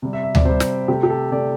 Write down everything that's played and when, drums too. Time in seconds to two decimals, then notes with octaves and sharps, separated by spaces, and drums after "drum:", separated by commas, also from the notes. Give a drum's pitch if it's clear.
0.02 C3 G3
0.13 E5
0.23 E5
0.35 D5, drum: tom D2
0.45 C3 G3 C5
0.60 drum: snare
0.88 C3 A3 G4
1.03 G4
1.10 A4
1.31 C3 A3 D5